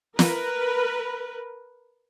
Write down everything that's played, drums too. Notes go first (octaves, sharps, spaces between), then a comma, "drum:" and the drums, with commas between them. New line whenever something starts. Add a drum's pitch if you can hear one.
A#4 B4, drum: snare